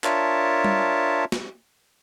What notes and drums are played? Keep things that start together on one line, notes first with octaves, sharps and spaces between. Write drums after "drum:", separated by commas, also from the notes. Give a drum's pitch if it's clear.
D4 F4 A#4 C#5 E5 A5, drum: clap
drum: tom G3
drum: snare